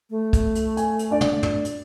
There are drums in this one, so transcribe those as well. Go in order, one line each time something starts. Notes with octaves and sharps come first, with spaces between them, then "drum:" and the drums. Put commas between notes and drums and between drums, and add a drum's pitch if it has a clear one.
A3
drum: kick, hi-hat
drum: hi-hat
G#5, drum: hi-hat
drum: hi-hat
D4 D5
drum: tom
drum: tom
drum: hi-hat